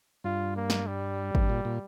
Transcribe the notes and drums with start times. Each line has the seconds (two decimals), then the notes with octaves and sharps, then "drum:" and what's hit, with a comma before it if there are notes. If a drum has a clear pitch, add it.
0.24 G2 F4
0.56 A#3
0.70 drum: snare
0.87 G3
1.35 G2, drum: kick G#1
1.49 A#2
1.65 A#2